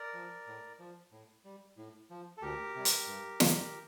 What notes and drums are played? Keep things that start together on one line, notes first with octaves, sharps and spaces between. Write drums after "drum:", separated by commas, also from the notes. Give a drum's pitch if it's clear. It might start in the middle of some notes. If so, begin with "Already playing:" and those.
Already playing: A#4 D5
F3
A2
F3
A2
G3
A2
F3
A4
D2 G4 A#4
C3 G3
drum: hi-hat
G2
D#3 G3, drum: snare